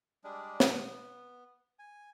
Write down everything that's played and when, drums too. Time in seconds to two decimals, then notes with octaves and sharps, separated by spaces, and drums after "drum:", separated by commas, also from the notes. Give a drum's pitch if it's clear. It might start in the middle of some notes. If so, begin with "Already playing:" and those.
0.24 G3 G#3 D4
0.60 drum: snare
0.78 B3
1.79 G#5